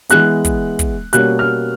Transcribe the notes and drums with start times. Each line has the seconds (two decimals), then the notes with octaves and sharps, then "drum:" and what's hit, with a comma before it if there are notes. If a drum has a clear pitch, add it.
0.09 E3 G#3 B3 F#6, drum: hi-hat
0.44 drum: kick, hi-hat
0.79 drum: kick, hi-hat
1.13 B2 G3 A#3 C#4 F#6, drum: hi-hat
1.39 F6